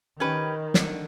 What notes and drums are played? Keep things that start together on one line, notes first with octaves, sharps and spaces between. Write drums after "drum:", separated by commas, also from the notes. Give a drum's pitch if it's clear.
D#3 C#4 G4 B4
D3, drum: snare